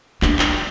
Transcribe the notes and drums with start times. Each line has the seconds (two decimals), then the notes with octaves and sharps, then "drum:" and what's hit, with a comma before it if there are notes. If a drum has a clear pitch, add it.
0.22 D4, drum: clap
0.39 drum: clap